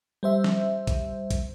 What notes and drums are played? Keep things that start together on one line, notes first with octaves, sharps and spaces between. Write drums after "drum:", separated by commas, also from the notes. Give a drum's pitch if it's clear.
G3 C5 E5
drum: snare
drum: kick A#1, hi-hat
drum: kick A#1, hi-hat